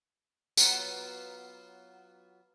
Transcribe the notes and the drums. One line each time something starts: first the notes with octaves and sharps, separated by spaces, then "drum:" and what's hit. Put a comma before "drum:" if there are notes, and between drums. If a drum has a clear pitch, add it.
F#3 B3 F4, drum: tambourine